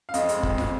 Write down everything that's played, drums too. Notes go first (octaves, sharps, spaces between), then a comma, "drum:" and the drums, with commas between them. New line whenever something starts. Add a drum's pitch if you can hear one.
F5
F2 D#5, drum: hi-hat
G#3, drum: hi-hat
F2, drum: kick
drum: snare